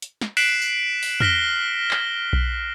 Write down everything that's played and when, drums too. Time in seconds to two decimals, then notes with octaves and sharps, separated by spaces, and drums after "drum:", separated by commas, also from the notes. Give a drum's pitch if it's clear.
0.02 drum: hi-hat
0.21 drum: snare
0.37 F#6 B6 C7 D7 E7 F#7, drum: open hi-hat
0.62 drum: tambourine
1.03 drum: open hi-hat
1.20 F6 A#6 B6 G7, drum: tom
1.91 drum: clap
2.33 drum: kick B1